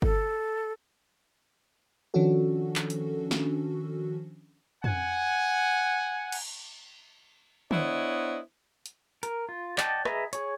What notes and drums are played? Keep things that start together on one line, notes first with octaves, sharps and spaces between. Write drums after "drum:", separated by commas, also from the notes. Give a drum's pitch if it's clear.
A4, drum: kick G1
D#3 F3 C#4 D4 F#4 A4
drum: clap
drum: hi-hat
drum: snare
F#5 G#5, drum: tom
drum: cymbal
B3 D4 E4 C5 C#5 D#5, drum: tom
drum: hi-hat
A#4, drum: hi-hat
F4
D5 D#5 F#5 G5 A5, drum: clap
G#4 B4 D#5 E5 A#5, drum: rim click
G#4 C#5, drum: hi-hat